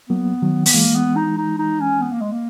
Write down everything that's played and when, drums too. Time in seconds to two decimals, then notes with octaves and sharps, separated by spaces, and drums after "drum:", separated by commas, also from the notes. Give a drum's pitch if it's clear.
0.10 F#3 A#3 B3
0.42 D#3 F#3
0.66 B3, drum: open hi-hat
0.74 E3 G#3 A#3
0.96 B3
1.16 D#4
1.38 D#4
1.59 D#4
1.80 C#4
2.01 B3
2.12 A#3
2.21 G#3
2.32 A#3